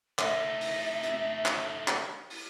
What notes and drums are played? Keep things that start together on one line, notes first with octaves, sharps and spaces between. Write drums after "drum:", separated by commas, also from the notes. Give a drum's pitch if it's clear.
A3 D#4 E5, drum: clap
drum: open hi-hat
drum: hi-hat
drum: clap
drum: clap
drum: open hi-hat